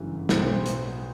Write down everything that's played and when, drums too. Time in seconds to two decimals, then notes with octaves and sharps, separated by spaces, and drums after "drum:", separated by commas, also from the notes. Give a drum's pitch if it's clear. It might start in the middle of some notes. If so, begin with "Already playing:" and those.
Already playing: G1 F#2 C#3 E3 G3
0.29 B1 A2 F#3 B3 E4 C5, drum: snare
0.52 C5
0.66 drum: hi-hat